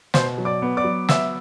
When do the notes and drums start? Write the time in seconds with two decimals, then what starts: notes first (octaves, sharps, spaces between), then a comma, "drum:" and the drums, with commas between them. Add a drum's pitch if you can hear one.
0.14 B2 C5 C6, drum: snare
0.38 F#3
0.45 D5 D6
0.62 B3
0.77 D5 D6
0.85 F#3
1.09 B3 E5 E6, drum: snare